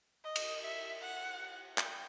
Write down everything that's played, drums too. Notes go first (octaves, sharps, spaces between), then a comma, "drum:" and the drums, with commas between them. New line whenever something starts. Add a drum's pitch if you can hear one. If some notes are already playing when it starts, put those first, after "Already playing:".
D#5
drum: cymbal
E5
F#5
G5, drum: clap